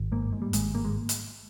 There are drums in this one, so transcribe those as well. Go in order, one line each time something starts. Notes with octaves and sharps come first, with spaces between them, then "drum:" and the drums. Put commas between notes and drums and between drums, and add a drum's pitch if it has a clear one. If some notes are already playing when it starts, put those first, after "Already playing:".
Already playing: G#1
G#2 A#3
G#2
G3
G#1 G#3, drum: hi-hat
G#1 A#3
G#3
drum: hi-hat